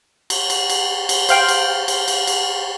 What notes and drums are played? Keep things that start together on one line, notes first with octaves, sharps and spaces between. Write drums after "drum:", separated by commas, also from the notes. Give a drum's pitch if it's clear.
drum: cymbal
drum: cymbal
drum: cymbal
drum: cymbal
C5 F5 G5, drum: cymbal
drum: cymbal
drum: cymbal
drum: cymbal
drum: cymbal